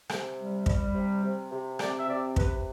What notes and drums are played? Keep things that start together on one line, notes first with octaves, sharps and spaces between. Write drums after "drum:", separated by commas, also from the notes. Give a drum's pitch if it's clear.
C3, drum: rim click
G3
G3, drum: kick
C3
C3
C3
C4 D5, drum: rim click
E5
C3 D5
C3 B4, drum: kick